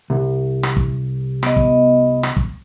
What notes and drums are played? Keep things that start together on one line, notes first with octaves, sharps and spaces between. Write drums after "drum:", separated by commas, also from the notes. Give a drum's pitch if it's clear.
C2
drum: rim click
drum: kick
B3 D#5, drum: rim click
drum: kick
drum: rim click
drum: kick